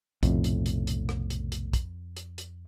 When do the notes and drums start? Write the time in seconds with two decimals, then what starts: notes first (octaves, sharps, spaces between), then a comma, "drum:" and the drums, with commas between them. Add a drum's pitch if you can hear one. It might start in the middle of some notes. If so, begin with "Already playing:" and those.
0.23 B1 F2 A2 C3, drum: kick, hi-hat
0.44 drum: hi-hat
0.66 drum: hi-hat
0.87 drum: hi-hat
1.09 drum: rim click
1.30 drum: hi-hat
1.52 drum: hi-hat
1.73 drum: kick, hi-hat
2.17 drum: hi-hat
2.38 drum: hi-hat